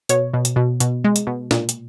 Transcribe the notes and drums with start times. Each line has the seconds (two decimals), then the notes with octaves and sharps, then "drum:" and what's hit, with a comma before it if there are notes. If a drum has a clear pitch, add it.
0.09 B2 C#5, drum: hi-hat
0.34 B2
0.45 drum: hi-hat
0.56 B2
0.80 B2, drum: hi-hat
1.04 G#3
1.16 drum: hi-hat
1.27 B2
1.51 A#2, drum: snare
1.69 drum: hi-hat